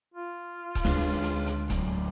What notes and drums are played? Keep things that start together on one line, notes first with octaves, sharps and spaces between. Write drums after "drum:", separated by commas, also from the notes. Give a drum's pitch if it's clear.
F4
drum: kick D#1, hi-hat
D2 G#3 C4 D4 G#4 B4 C#5
drum: hi-hat
drum: hi-hat
A2 F#3, drum: kick D#1, hi-hat